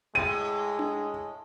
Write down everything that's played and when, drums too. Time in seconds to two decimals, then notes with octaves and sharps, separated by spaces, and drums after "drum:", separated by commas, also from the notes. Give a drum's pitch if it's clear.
0.15 A2 G#3 D#7
0.79 drum: tom D4